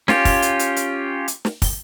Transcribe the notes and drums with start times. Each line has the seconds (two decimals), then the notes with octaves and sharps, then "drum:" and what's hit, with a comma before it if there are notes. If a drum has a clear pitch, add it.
0.08 C#4 F4 G4, drum: snare
0.25 drum: kick, open hi-hat
0.42 drum: hi-hat
0.59 drum: hi-hat
0.76 drum: hi-hat
1.28 drum: hi-hat
1.45 drum: snare
1.62 drum: kick, open hi-hat